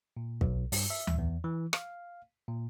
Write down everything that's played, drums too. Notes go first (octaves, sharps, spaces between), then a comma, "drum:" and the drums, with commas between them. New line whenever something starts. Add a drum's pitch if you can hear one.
A#2
B1, drum: kick
G2, drum: open hi-hat
E5
drum: tom D2
E2
E3
F5, drum: rim click
A#2